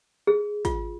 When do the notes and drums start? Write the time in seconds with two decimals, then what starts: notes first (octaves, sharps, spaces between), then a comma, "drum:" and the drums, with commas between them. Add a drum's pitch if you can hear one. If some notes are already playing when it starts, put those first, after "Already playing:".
0.27 G#4
0.65 F4, drum: kick, hi-hat